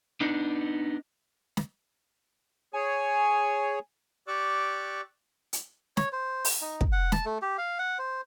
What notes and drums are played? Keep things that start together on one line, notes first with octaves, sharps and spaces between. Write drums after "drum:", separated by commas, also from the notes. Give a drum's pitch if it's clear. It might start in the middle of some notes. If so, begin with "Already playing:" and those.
B3 D4 D#4
drum: snare
G#4 C#5 G#5
G4 D5 C#6 D6 E6 F#6
drum: hi-hat
C#5, drum: snare
C5
drum: open hi-hat
D#4
drum: kick
F#5
A5, drum: snare
A3
G4
F5
F#5
C5